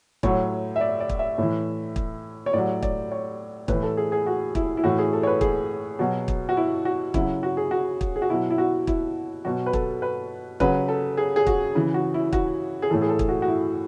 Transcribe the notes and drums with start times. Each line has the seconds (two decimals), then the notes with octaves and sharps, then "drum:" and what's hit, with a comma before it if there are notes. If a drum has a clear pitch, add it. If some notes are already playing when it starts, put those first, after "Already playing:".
0.23 A2 F#3 C#5, drum: kick
0.76 E5
0.81 D5
1.00 D5
1.09 drum: kick
1.19 E5
1.38 A2 E3
1.96 drum: kick
2.46 C#5
2.53 A2 F#3 D5
2.83 D5, drum: kick
3.12 C#5
3.68 A2 E3 B4, drum: kick
3.83 A4
3.97 G#4
4.12 G#4
4.27 F#4
4.55 E4, drum: kick
4.77 E4
4.84 A2 E3 F#4
4.99 G#4
5.13 A4
5.23 C#5
5.27 B4
5.41 G#4, drum: kick
5.99 B2 F#3
6.28 drum: kick
6.49 F#4
6.57 E4
6.85 F#4
7.14 C#3 F#3 E4, drum: kick
7.43 F#4
7.57 G#4
7.71 F#4
8.01 drum: kick
8.16 G#4
8.22 F#4
8.30 B2 F#3 E4
8.50 E4
8.58 F#4
8.87 E4, drum: kick
9.45 B2 F#3 F#4
9.66 B4
9.73 A4, drum: kick
10.02 B4
10.60 C#3 F#3 B4, drum: kick
10.88 A4
11.17 G#4
11.36 G#4
11.47 F#4, drum: kick
11.75 C#3 E3
11.94 F#4
12.14 E4
12.33 F#4, drum: kick
12.82 G#4
12.90 A2 E3 A4
13.02 G#4
13.09 A4
13.19 drum: kick
13.29 F#4
13.42 F#4
13.48 E4